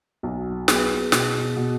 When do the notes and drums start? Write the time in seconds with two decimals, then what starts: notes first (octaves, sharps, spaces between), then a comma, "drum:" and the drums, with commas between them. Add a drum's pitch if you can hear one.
0.23 B1 F#4
0.68 B3 G#4, drum: snare
1.12 B2, drum: snare
1.57 B2